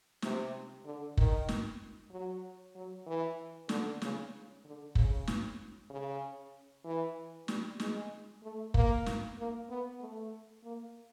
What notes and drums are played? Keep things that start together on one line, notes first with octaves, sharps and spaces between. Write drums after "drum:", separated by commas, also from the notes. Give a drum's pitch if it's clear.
C3, drum: snare
D3
D#3, drum: kick
drum: snare
F#3
F#3
E3
D3, drum: snare
C#3, drum: snare
D3
C#3, drum: kick
drum: snare
C#3
E3
G3, drum: snare
G#3, drum: snare
A3
A#3, drum: kick
drum: snare
A#3
B3
A3
A#3